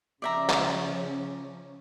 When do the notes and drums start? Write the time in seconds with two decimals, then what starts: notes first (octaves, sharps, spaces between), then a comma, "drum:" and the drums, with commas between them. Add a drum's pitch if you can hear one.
0.22 C#3 F3 C#4 D5 E5 A#5
0.50 drum: clap